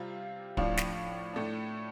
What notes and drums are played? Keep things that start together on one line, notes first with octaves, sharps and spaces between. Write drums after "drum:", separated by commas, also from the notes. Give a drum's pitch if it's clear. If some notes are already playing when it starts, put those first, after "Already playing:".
Already playing: C3 G3 C4 F4
A2 F3 D4 F4, drum: kick
drum: snare
A2 A3 D4